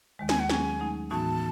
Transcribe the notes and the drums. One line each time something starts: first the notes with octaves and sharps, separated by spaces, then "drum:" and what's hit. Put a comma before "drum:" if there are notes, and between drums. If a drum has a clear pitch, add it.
D#2 D#3 G#3
G#5, drum: snare
F#5
F#3 C#4 G#4 G#5, drum: snare
F#3 A3 D#4
A2 E3 B3 D#4 F#4 A5